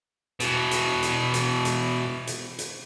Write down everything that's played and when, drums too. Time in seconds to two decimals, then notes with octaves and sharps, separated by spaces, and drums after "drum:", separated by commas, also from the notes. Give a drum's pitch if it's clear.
0.40 B2 E3, drum: hi-hat
0.71 drum: hi-hat
1.02 drum: hi-hat
1.34 drum: hi-hat
1.65 drum: hi-hat
2.27 drum: hi-hat
2.59 drum: hi-hat